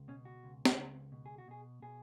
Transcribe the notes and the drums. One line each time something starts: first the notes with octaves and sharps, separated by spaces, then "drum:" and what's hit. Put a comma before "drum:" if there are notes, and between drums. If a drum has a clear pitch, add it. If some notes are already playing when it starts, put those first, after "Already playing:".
Already playing: C#2
B2 C#4
F#4
C#2
drum: snare
C#2
B2
G#4
F#4
B2 G#4
B2 G#4